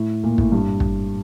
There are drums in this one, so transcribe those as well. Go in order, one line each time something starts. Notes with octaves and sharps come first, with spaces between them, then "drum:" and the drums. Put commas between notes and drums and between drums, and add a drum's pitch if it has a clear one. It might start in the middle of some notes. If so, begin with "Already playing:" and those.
Already playing: A2
A#2
A2, drum: kick
G2
drum: kick